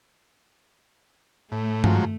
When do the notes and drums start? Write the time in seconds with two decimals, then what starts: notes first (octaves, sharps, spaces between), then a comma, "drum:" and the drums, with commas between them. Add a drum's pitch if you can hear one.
1.52 A2 A3
1.84 G#2 F3 F#3, drum: tom G2